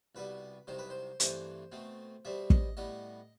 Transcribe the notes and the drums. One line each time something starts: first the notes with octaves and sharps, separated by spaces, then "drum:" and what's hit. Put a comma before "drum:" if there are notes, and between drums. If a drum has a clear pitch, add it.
C2 B2 G3 B4
C2 C3 D#3 F#3 C5
B4
C5
G2 E3 A3 C4 C5, drum: hi-hat
B2 A3 C4
B2 G3 C4 E5
D#5, drum: kick
A2 G3 B3 D#5